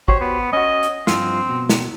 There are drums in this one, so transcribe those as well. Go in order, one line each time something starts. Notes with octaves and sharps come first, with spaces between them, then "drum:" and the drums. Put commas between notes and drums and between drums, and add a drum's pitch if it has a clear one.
F#4 G4 C5 C#5, drum: kick G#1
B3
C#4 F#4 D#5
drum: hi-hat
G2 F3 C4 F4, drum: snare
B2
drum: snare